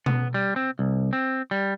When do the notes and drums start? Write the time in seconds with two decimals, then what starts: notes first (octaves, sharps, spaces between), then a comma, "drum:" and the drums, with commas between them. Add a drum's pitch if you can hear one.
0.06 B3, drum: tom B2
0.34 G3
0.56 C4
0.79 C2
1.13 C4
1.51 G3